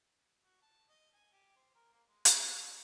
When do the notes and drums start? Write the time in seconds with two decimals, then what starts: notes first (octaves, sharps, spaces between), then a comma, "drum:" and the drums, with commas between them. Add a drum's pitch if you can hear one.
0.43 F#4
0.62 A5
0.89 D#5
1.14 G#5
1.32 G4
1.56 C5
1.75 A#4
1.93 A#3
2.06 G#3
2.25 E3, drum: hi-hat
2.44 C5
2.59 C5